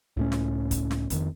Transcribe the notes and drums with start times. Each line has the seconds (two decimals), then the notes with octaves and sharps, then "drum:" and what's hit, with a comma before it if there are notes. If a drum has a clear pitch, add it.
0.17 C#2 A2 C#4
0.32 drum: snare
0.71 drum: kick, hi-hat
0.91 drum: snare
1.10 F2 D#3, drum: kick, hi-hat